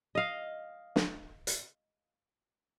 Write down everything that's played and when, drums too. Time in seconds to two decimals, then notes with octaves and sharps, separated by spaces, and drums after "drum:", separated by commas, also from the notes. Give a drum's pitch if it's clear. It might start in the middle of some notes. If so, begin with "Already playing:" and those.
0.15 D#5 F5
0.96 drum: snare
1.47 drum: hi-hat